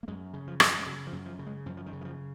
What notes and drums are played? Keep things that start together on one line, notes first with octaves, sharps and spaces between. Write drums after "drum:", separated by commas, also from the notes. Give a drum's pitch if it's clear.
A#3
F#2 G#3
C#3
F3
F#2, drum: rim click
F3
G#3
C#3 F#3
F3
F#2
F3
C#3
G#3
F#2 F3
F3
D#3
C#3
D#3
F3